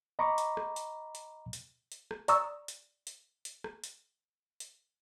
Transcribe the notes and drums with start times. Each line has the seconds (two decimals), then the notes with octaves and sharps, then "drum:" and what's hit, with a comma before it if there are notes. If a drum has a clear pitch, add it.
0.19 D#5 A#5 B5 C#6 D6
0.38 drum: hi-hat
0.57 drum: rim click
0.76 drum: hi-hat
1.15 drum: hi-hat
1.53 drum: hi-hat
1.92 drum: hi-hat
2.11 drum: rim click
2.28 D5 A#5 C#6 D#6 E6, drum: hi-hat
2.68 drum: hi-hat
3.07 drum: hi-hat
3.45 drum: hi-hat
3.64 drum: rim click
3.84 drum: hi-hat
4.60 drum: hi-hat